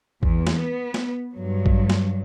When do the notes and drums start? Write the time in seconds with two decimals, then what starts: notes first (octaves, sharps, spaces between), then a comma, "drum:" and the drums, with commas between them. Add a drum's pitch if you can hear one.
0.23 E2, drum: kick A1
0.47 drum: snare
0.57 B3
0.94 drum: snare
1.34 G2 F#3
1.66 drum: kick A1
1.90 drum: snare